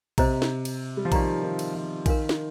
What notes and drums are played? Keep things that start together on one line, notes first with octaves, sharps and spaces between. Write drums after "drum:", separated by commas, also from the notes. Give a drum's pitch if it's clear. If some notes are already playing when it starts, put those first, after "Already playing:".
C3 C5 D#5 A#5, drum: kick A#1, cymbal
drum: snare
drum: cymbal
G3
F3
D#3 G4 D5 F5 A#5, drum: kick A#1, cymbal
D#3
drum: cymbal
F3
D#3 A#4 F5 G#5, drum: kick A#1, cymbal
drum: snare